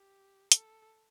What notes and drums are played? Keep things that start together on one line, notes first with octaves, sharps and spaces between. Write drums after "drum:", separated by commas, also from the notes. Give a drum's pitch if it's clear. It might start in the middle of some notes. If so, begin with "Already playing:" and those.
Already playing: G4
A4, drum: hi-hat